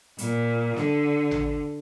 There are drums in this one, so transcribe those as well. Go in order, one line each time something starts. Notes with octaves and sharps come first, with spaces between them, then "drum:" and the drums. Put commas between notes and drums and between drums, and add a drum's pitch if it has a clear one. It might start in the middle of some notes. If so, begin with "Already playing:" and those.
A#2, drum: hi-hat
D3, drum: snare
drum: tom